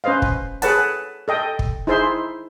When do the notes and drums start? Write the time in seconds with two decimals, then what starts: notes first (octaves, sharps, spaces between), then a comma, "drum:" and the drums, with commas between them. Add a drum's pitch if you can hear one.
0.04 C#4 B4 C5 D#5 F5
0.22 drum: kick
0.62 G#4 A4 B4 C#5 F#5 A5, drum: hi-hat
1.28 A4 D#5 G5
1.59 drum: kick
1.87 D#4 E4 G#4 C5 E5 C6